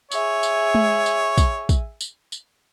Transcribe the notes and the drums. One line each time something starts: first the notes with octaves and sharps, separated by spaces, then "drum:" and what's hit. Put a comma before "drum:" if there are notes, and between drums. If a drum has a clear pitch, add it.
G#4 C#5 E5, drum: tambourine
drum: tambourine
drum: tom G#3
drum: tambourine
drum: kick, tambourine
drum: kick, tambourine
drum: tambourine
drum: tambourine